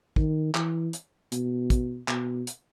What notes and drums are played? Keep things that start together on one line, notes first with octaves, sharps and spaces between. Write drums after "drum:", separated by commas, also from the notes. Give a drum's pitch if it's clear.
D#3, drum: kick
E3, drum: clap
drum: hi-hat
B2, drum: hi-hat
drum: kick, hi-hat
B2, drum: clap
drum: hi-hat